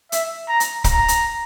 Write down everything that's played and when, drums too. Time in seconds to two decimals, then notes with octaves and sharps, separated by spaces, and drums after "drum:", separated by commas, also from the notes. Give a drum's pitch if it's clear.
0.12 E5, drum: hi-hat
0.49 A#5
0.60 drum: hi-hat
0.84 A#5, drum: kick, hi-hat
1.08 drum: hi-hat